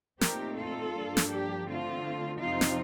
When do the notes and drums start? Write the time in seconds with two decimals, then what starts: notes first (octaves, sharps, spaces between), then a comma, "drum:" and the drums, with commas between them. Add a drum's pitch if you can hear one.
0.21 A#2 A3 C4 D#4 G4 A#4, drum: snare
0.58 F4 A4
0.94 G2 F3 A#3 D4
1.17 drum: snare
1.30 G4
1.67 D3 A3 C4 F4
2.39 F2 C3 F3 C4 D#4 F4
2.61 drum: snare